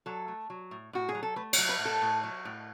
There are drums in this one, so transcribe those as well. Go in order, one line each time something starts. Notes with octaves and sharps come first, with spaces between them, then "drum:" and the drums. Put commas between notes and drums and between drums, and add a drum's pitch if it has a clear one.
F#3 A4
A3
F#3
A2
A2 F#4
G#4
F#3
A4
A3 B4
C#5, drum: cymbal
F#3
B4
A2
A4
A2
F#3
A2